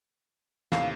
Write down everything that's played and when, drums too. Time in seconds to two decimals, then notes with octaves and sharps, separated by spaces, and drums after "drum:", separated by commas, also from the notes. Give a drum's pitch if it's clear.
0.72 D#2 A2 C3 F5, drum: snare